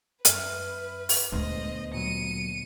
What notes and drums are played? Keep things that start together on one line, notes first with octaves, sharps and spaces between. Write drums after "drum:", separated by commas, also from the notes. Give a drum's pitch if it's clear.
F#2 B4 E5 F6, drum: hi-hat
drum: open hi-hat
D2 A#2 G#3 B3 C5 D#5
A#2 F#3 C#7 D#7